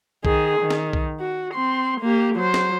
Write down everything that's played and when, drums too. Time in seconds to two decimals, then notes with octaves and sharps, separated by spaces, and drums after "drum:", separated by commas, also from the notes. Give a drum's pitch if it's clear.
0.25 D#3 G#4, drum: kick B1
0.60 D#3
0.70 drum: snare
0.93 drum: kick B1
1.20 F#4
1.54 C4 C6
2.01 A#3 G4
2.36 F#3 C5
2.54 drum: snare